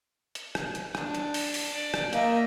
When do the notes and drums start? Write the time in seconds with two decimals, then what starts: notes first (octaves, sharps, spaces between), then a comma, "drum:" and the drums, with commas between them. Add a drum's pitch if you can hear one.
0.35 drum: hi-hat
0.55 drum: rim click
0.75 drum: hi-hat
0.95 D4, drum: rim click
1.15 drum: hi-hat
1.34 drum: open hi-hat
1.54 drum: open hi-hat
1.72 D5
1.94 drum: rim click
2.13 A#3 D#5 E5, drum: hi-hat